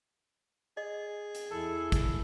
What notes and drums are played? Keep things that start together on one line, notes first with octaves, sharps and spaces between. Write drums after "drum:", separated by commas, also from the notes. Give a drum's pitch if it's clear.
G#4 D#5
drum: hi-hat
E2 E4 A4
drum: kick, hi-hat